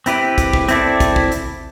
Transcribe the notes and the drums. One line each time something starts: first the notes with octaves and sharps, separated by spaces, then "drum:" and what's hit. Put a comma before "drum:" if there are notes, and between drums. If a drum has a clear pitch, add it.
C4 E4 G4 B4, drum: hi-hat
drum: kick, hi-hat
drum: kick
C4 E4 A4 D5, drum: hi-hat
drum: kick, hi-hat
drum: kick
drum: hi-hat